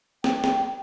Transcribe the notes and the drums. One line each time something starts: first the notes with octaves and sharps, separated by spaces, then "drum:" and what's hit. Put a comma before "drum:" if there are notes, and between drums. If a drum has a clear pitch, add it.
G5, drum: snare
drum: snare